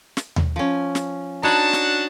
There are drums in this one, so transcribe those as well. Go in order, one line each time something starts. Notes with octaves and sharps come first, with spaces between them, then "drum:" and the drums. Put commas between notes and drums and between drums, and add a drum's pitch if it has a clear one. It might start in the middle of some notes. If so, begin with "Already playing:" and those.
drum: snare
drum: tom D#2
F3 C#4
drum: snare
D4 D#4 F#4 B4 C#5 A5
drum: snare